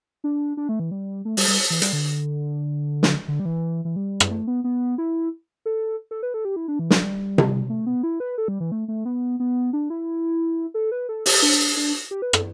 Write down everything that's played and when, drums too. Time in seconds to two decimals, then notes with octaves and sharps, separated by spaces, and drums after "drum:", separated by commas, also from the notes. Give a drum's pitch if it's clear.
0.24 D4
0.57 D4
0.69 A3
0.80 E3
0.91 G3
1.25 A3
1.37 G3, drum: open hi-hat
1.48 G3
1.70 E3
1.82 G3, drum: hi-hat
1.93 D3
3.03 drum: snare
3.28 D3
3.40 G3
3.45 E3
3.85 E3
3.96 G3
4.20 drum: rim click
4.31 A3
4.47 B3
4.64 B3
4.98 E4
5.66 A4
6.11 A4
6.23 B4
6.34 A4
6.45 G4
6.56 E4
6.68 D4
6.79 E3
6.90 G3, drum: snare
7.02 G3
7.38 drum: tom C3
7.70 A3
7.86 B3
8.03 E4
8.20 B4
8.38 A4
8.48 G3
8.60 E3
8.72 A3
8.88 A3
9.05 B3
9.40 B3
9.73 D4
9.90 E4
10.74 A4
10.92 B4
11.09 A4
11.26 G4, drum: open hi-hat
11.42 D4
11.77 D4
12.11 G4
12.22 B4
12.33 A4, drum: rim click